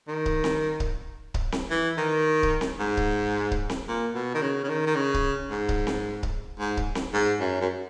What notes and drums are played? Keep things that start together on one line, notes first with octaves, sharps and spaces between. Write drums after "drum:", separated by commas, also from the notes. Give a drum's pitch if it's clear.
D#3
drum: kick C#1
drum: snare C4
drum: kick C#1
drum: kick C#1
drum: snare C4
E3
D#3
drum: kick C#1
drum: snare C4
G#2
drum: kick C#1
drum: kick C#1
drum: snare C4
A#2
B2
D#3
C#3
C#3
D#3
D#3
C#3
drum: kick C#1
G#2
drum: kick C#1
drum: snare C4
drum: kick C#1
G#2
drum: kick C#1
drum: snare C4
G#2
F#2
F#2